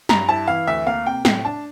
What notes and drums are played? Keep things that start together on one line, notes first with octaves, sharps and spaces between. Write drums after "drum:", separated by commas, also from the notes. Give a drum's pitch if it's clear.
G2 A#5, drum: snare
E4 A5
E3 F5
D2 E5
A#3 F5
C3 G5
A2 G5, drum: snare
D4 A5